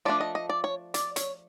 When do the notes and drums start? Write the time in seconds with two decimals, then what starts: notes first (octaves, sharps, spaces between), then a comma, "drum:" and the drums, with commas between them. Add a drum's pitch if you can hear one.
0.05 F3 A3 D4 D5
0.21 D#5
0.35 D#5
0.49 D5
0.64 C#5
0.94 D5, drum: hi-hat
1.16 C#5, drum: hi-hat